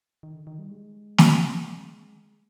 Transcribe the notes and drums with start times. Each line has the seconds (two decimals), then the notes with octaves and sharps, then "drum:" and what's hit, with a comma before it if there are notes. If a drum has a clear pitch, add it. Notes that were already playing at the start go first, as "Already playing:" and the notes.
0.23 D#3
0.34 D3
0.47 D#3
0.59 G3
0.71 G#3
1.18 drum: snare